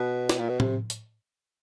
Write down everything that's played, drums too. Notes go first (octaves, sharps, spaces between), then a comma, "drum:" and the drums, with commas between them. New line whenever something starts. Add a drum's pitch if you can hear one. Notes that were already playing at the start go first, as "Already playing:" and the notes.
Already playing: B2
drum: snare
A#2
B2
C3, drum: tom A2
drum: hi-hat